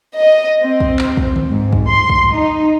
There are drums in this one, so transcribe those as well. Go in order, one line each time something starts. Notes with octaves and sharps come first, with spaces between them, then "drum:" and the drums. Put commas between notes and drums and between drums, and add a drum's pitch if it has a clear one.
D#5
C4
drum: kick
drum: clap
drum: kick
drum: tom D3
G#2
drum: kick
C6
drum: kick
D#4